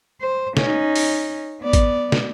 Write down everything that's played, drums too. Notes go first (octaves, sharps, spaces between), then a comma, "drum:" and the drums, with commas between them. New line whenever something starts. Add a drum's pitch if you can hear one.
C5
C#4 D#4, drum: snare
drum: open hi-hat
B3 D5
drum: kick, hi-hat
drum: snare